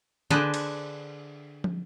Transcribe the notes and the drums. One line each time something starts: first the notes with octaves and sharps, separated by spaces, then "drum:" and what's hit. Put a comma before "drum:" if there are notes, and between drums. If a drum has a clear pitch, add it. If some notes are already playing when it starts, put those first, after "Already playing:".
D3 D4 G#4 B4 C5, drum: tom D3
drum: cymbal
drum: tom